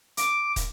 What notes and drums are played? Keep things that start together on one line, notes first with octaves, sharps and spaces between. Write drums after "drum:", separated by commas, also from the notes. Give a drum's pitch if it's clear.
D6, drum: hi-hat
drum: kick, hi-hat